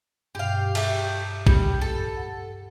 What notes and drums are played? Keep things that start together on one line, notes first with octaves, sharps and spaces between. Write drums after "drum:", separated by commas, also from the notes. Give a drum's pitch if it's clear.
G2 B2 G4 F5
A3 G4, drum: cymbal
G3 G4, drum: kick
A4
F#5